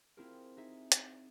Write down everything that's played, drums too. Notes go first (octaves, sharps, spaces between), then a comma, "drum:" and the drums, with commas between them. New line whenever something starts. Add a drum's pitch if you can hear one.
C4 E4 F4 G#4 A#4
D#4 G#4 E5
drum: hi-hat